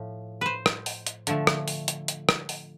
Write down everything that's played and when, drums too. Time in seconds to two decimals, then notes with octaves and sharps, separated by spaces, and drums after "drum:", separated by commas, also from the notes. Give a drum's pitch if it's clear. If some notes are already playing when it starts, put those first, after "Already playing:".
Already playing: A2 F3
0.41 B4 C5
0.66 drum: rim click
0.86 drum: open hi-hat
1.07 drum: hi-hat
1.27 D3 F3 A3, drum: hi-hat
1.47 drum: rim click
1.68 drum: open hi-hat
1.88 drum: hi-hat
2.08 drum: hi-hat
2.29 drum: rim click
2.49 drum: open hi-hat